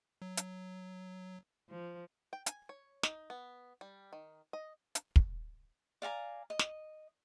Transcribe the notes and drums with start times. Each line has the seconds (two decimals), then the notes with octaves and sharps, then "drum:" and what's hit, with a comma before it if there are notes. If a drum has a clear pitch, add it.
0.22 F#3
0.37 drum: hi-hat
1.69 F3
2.33 G5
2.46 G#5, drum: hi-hat
2.69 C#5
3.03 D#4, drum: snare
3.30 B3
3.81 G3
4.13 D#3
4.53 D#5
4.95 drum: hi-hat
5.16 drum: kick
6.02 D5 F5 G#5 A#5
6.50 D#5
6.59 drum: snare